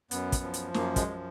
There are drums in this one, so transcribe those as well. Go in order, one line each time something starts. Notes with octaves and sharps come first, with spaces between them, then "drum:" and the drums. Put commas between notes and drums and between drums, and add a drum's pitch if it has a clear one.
F#2 B3, drum: hi-hat
drum: kick, hi-hat
F3
drum: hi-hat
F#2 A#3, drum: snare
G#3, drum: kick, hi-hat
F3